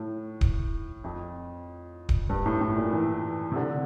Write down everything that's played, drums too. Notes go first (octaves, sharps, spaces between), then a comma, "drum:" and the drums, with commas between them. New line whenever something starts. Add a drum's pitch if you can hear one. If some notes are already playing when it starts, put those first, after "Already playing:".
Already playing: A2
drum: kick D1
F2
drum: kick D1
G2
A2
A2
A#2
E3
C3
D3